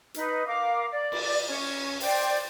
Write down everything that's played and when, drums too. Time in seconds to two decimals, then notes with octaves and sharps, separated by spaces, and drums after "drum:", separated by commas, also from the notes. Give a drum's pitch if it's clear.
0.14 D#4 B4, drum: hi-hat
0.46 A#4 F5 D6
0.90 D5
1.12 drum: cymbal
1.46 C#4
2.00 C5 D5 G5, drum: open hi-hat